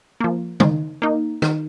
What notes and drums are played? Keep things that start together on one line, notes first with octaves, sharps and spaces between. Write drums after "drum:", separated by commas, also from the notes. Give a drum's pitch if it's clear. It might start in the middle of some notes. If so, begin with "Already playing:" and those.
F3 A#3
D#3, drum: tom
A#3 D#4
D#3, drum: rim click